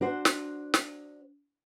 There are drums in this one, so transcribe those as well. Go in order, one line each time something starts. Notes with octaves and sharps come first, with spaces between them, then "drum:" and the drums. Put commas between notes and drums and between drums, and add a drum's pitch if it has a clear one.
D4 F#4 C5
drum: snare
drum: snare